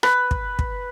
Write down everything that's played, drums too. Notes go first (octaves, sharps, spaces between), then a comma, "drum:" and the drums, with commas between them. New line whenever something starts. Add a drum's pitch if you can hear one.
B4, drum: rim click
drum: kick
drum: kick